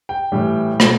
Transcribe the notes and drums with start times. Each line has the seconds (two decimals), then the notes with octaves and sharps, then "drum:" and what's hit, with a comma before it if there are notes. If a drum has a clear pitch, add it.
0.09 G5
0.32 A2 E3 G3
0.80 B2 A3, drum: rim click